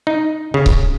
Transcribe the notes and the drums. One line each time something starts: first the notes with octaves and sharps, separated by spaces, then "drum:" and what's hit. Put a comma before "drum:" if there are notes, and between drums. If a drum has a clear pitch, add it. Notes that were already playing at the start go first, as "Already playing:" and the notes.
D#4
C#3
drum: kick C#1